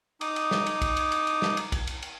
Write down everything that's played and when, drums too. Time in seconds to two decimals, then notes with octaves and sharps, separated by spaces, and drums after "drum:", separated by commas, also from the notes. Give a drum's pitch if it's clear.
0.21 D#4 D6 D#6, drum: cymbal
0.36 drum: cymbal
0.51 drum: snare
0.66 drum: cymbal
0.82 drum: kick, cymbal
0.97 drum: cymbal
1.12 drum: cymbal
1.27 drum: cymbal
1.42 drum: snare
1.57 drum: cymbal
1.72 drum: kick, cymbal
1.87 drum: cymbal
2.02 drum: cymbal